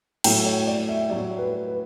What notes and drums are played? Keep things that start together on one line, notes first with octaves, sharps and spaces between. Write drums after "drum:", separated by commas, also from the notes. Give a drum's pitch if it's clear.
A2 F#3 G5, drum: cymbal
C#5
D5
E5
A2 F#3 D5
B4
B4